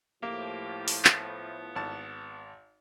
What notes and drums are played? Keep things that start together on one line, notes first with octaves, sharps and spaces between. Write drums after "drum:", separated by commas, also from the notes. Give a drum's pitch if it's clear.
A2 F3 A#3 G4
drum: open hi-hat
B3, drum: clap
G#1 A5